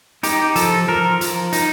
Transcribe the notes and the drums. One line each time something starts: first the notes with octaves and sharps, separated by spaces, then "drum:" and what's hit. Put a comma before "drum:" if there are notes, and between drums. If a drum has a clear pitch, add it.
D#4 G4, drum: hi-hat
F3 A4, drum: hi-hat
F3 A#4
F3, drum: hi-hat
D#4, drum: hi-hat